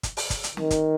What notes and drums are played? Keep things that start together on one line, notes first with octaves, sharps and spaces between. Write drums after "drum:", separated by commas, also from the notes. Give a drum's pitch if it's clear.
drum: kick, hi-hat
drum: open hi-hat
drum: kick, hi-hat
drum: hi-hat
D#3, drum: snare
drum: kick, hi-hat